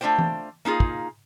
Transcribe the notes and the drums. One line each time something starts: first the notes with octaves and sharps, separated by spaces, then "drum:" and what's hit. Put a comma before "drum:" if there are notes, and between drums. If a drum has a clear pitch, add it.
A3 D4 F4 C5 G5
drum: tom E3
A#3 D#4 F4 G#4
drum: kick